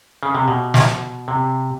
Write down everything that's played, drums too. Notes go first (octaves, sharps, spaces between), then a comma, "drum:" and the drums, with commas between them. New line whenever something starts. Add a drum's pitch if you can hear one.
C#3
C3
B2
drum: snare
C3